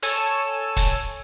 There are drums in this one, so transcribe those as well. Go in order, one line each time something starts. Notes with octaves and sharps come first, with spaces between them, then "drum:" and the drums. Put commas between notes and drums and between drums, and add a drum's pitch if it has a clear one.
A4 C#5 G#5 E6, drum: hi-hat
drum: kick, hi-hat